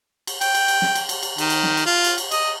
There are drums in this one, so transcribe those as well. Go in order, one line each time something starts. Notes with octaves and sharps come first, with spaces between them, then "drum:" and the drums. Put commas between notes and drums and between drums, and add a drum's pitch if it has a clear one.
drum: cymbal
G5, drum: cymbal
drum: cymbal
drum: cymbal
drum: snare
drum: cymbal
drum: cymbal
drum: cymbal
D#3, drum: cymbal
drum: cymbal
drum: snare
drum: cymbal
F4
drum: cymbal
drum: cymbal
D#5, drum: cymbal